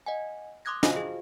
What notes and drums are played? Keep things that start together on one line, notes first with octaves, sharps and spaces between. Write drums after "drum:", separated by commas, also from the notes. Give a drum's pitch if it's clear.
D#5 F#5 G#5
C6 D6 D#6 F#6 G#6 A#6
F4 F#4 C5 D#5 F5 G5, drum: snare
G#4